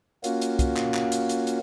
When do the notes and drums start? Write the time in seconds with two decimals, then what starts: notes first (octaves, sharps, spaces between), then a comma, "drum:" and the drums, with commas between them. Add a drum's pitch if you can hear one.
0.24 A#3 C#4 F4 F#4, drum: hi-hat
0.41 drum: hi-hat
0.59 drum: kick, hi-hat
0.77 drum: clap
0.94 drum: clap
1.12 drum: hi-hat
1.29 drum: hi-hat
1.47 drum: hi-hat